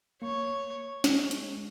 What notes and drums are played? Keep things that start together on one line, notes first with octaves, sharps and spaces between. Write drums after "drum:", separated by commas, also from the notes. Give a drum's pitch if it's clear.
A#3 C#5
G#3, drum: snare
drum: hi-hat